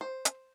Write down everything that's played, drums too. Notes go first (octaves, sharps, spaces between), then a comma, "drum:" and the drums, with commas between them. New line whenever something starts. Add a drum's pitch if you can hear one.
C5
drum: hi-hat